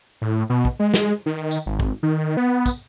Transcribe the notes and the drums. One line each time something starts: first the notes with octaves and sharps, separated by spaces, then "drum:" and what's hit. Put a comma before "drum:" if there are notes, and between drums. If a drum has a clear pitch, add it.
A2
B2
drum: kick
G#3
drum: snare
D#3
drum: tambourine
G#1
drum: kick
D#3
B3
drum: kick, tambourine